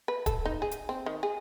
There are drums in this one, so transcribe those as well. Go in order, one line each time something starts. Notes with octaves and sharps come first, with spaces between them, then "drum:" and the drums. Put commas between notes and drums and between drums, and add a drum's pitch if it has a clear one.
B4
A4, drum: kick, hi-hat
D#4
G#4
drum: hi-hat
C4
D#3
G#4